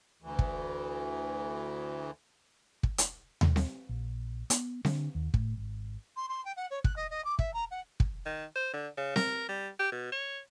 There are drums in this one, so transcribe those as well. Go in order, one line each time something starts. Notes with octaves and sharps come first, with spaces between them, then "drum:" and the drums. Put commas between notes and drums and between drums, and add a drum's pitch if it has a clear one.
D2 E3
drum: kick
drum: kick
drum: hi-hat
drum: tom D#2
drum: snare C4
A#1
B3, drum: hi-hat
D3, drum: snare C4
D#2
A2, drum: kick
G#1
C6
C6
G5
F#5
C#5
F#6, drum: kick
D#5
D#5
D6
E5, drum: kick
A#5
F#5
drum: kick
D#3
C5
D3
C#3
A#4, drum: snare C4
G3
G4
B2
C#5